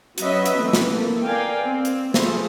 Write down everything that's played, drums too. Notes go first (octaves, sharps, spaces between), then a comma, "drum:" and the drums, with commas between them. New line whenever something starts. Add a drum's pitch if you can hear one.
F#3 C#4 F#4 B4 D#5 E5, drum: hi-hat
drum: hi-hat
E3 A3 C4
drum: snare
A#3 A4
A#4 D5 F5 G5 G#5
C4
drum: hi-hat
F3 A3 E4 G#4 A4 C5, drum: snare